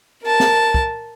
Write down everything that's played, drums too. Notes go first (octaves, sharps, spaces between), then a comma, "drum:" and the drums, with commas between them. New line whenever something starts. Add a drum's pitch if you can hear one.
A#4 A5
drum: snare
drum: kick